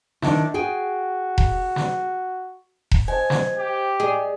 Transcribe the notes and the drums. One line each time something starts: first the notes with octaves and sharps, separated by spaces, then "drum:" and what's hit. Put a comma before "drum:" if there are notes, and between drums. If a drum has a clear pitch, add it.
D#3 D4 E4, drum: snare
F#4 G#4 G5 G#5
drum: kick E1
drum: snare
drum: kick E1
C5 D#5 G#5
drum: snare
G4
G#4 D5 D#5